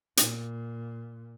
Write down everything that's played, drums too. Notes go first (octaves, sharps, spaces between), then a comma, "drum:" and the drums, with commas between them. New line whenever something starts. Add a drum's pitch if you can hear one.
A#2, drum: hi-hat